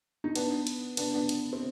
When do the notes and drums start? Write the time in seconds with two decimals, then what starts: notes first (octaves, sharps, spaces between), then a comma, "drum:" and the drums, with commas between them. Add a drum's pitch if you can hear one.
0.24 D#4
0.35 B3 D4, drum: cymbal
0.67 drum: cymbal
0.97 B3 D4, drum: cymbal
1.14 B3 D4
1.29 drum: cymbal
1.53 C4